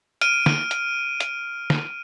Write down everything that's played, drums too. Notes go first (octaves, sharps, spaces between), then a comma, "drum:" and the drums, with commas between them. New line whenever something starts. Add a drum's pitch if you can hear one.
F6 D7 D#7, drum: hi-hat
drum: snare
drum: hi-hat
drum: hi-hat
drum: snare